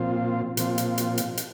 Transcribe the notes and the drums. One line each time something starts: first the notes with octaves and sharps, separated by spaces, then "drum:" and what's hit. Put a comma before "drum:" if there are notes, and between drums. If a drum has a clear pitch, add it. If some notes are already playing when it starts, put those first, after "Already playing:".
Already playing: A#2 F3 C4 F4
A#2 F3 C4 F4, drum: hi-hat
drum: hi-hat
drum: hi-hat
drum: hi-hat
drum: hi-hat